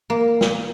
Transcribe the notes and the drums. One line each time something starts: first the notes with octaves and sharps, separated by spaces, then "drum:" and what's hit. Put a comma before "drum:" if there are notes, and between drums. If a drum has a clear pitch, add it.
A#3
drum: snare